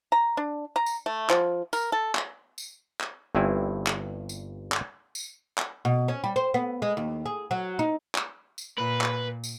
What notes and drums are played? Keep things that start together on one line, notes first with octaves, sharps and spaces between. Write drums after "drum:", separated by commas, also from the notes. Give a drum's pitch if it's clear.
A#5
D4
A#5
drum: tambourine
A3
F3, drum: clap
A#4, drum: tambourine
A4
drum: clap
drum: tambourine
drum: clap
G1 G2 C4 E4 G#5
drum: clap
drum: tambourine
drum: clap
drum: tambourine
drum: clap
B2
C#4
G3
C5
B3
G#3
D#2
G#4
F#3
D#4
drum: clap
drum: tambourine
A#2 B4
drum: clap
drum: tambourine